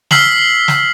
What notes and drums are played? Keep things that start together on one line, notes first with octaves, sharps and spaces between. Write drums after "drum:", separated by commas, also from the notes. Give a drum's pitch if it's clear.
E6 F6 B6 C7 F#7 G7, drum: snare
drum: snare